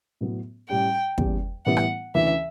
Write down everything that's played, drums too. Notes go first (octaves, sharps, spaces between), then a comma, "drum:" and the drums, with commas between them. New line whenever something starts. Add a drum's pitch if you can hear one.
A2 F#3 B3
A2 G3 C#4 G5
E2 C#3 G3, drum: kick
A2 E3 G3 B3 E4 F#5
drum: rim click
D2 C#3 E3 E5